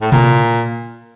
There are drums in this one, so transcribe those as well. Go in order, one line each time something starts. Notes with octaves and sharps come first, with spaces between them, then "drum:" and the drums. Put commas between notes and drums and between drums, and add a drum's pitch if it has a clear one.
A2
A#2, drum: tom B2